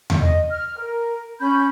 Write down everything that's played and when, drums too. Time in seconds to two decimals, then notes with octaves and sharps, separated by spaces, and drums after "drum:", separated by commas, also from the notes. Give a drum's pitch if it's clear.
0.10 drum: tom E2
0.21 D#5
0.51 F6
0.77 A#4
1.40 C#4 B5 G6